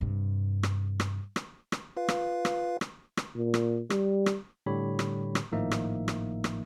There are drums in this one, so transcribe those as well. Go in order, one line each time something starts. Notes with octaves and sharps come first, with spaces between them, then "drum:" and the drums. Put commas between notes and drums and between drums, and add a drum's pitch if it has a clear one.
G2 C3
drum: rim click
drum: rim click
drum: rim click
drum: rim click
F4 B4 F5
drum: rim click
drum: rim click
drum: rim click
drum: rim click
A#2
drum: rim click
G3, drum: rim click
drum: rim click
A2 D3 G3 G4 C#5 B5
drum: rim click
drum: rim click
G#1 A2 F3 A#3 D#4 E5
drum: rim click
drum: rim click
drum: rim click